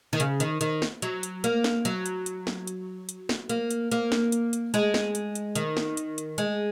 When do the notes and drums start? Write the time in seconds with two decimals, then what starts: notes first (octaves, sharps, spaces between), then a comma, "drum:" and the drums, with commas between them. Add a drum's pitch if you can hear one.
0.13 D#3
0.20 C#3, drum: hi-hat
0.40 D#3, drum: hi-hat
0.61 D#3, drum: hi-hat
0.82 drum: snare
1.02 F#3, drum: hi-hat
1.23 drum: hi-hat
1.44 A#3, drum: hi-hat
1.64 drum: snare
1.85 F#3, drum: hi-hat
2.06 drum: hi-hat
2.26 drum: hi-hat
2.47 drum: snare
2.67 drum: hi-hat
3.09 drum: hi-hat
3.29 drum: snare
3.49 A#3, drum: hi-hat
3.71 drum: hi-hat
3.91 A#3, drum: hi-hat
4.12 drum: snare
4.32 drum: hi-hat
4.53 drum: hi-hat
4.74 G#3, drum: hi-hat
4.94 drum: snare
5.15 drum: hi-hat
5.35 drum: hi-hat
5.55 D#3, drum: hi-hat
5.77 drum: snare
5.97 drum: hi-hat
6.18 drum: hi-hat
6.38 G#3, drum: hi-hat